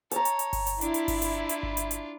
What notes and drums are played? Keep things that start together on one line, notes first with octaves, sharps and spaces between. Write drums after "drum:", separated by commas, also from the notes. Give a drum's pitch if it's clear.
C#5 A5 A#5, drum: hi-hat
drum: hi-hat
drum: hi-hat
drum: kick G1, open hi-hat
drum: hi-hat
D4 E4 F4, drum: hi-hat
drum: hi-hat
drum: kick G1, open hi-hat
drum: hi-hat
drum: hi-hat
drum: kick G1
drum: hi-hat
drum: hi-hat